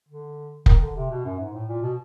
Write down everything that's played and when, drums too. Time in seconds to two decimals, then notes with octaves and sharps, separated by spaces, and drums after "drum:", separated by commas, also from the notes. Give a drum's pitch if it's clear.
0.09 D3
0.66 D#3, drum: kick F1
0.81 D3
0.95 C3
1.10 B2
1.25 F#2
1.39 G#2
1.53 A2
1.69 A#2
1.82 B2